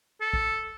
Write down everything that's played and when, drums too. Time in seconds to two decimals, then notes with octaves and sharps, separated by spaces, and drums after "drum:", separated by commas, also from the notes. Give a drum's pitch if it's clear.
0.21 A4
0.33 drum: kick